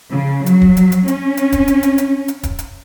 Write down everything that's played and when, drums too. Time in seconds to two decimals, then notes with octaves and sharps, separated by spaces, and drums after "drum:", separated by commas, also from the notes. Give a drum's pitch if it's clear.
0.11 C#3
0.46 F#3, drum: hi-hat
0.62 drum: kick
0.77 drum: hi-hat
0.92 drum: hi-hat
1.08 C#4, drum: hi-hat
1.37 drum: hi-hat
1.52 drum: kick, hi-hat
1.68 drum: hi-hat
1.83 drum: hi-hat
1.98 drum: hi-hat
2.28 drum: hi-hat
2.43 drum: kick, hi-hat
2.59 drum: hi-hat